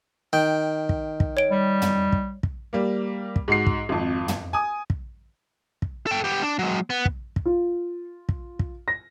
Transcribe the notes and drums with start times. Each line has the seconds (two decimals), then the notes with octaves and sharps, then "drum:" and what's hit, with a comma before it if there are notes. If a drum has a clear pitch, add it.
0.33 D#3 G5
0.89 drum: kick
1.20 drum: kick
1.37 C#5 D7
1.51 G3
1.82 drum: tom
2.12 drum: kick
2.43 drum: kick
2.73 G3 A#3
3.36 drum: kick
3.48 G#2 F#4 C7
3.67 drum: kick
3.89 G#1 F2
4.28 drum: tom
4.53 G#5 D#6
4.90 drum: kick
5.82 drum: kick
6.07 A4 G5
6.24 B3 G4
6.42 D4
6.59 F#3 G#3
6.90 B3
7.05 drum: kick
7.36 drum: kick
7.45 F4
8.29 drum: kick
8.59 drum: kick
8.88 A#6